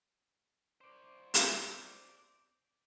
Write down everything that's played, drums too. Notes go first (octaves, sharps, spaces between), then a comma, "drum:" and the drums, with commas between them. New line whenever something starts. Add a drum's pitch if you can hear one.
C5 D5
G6 A#6, drum: hi-hat